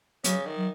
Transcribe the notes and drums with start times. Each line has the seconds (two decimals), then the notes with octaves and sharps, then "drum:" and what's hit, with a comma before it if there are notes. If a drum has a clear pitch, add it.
0.24 C#3 F#3, drum: hi-hat
0.46 D#3
0.57 F#3